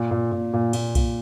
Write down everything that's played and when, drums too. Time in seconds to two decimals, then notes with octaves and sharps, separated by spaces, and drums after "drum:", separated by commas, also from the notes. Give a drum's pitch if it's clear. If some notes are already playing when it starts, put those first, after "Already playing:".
Already playing: A#2
0.11 A#2
0.32 A#2
0.53 A#2
0.73 A#2, drum: cymbal
0.95 A#2, drum: kick B1, cymbal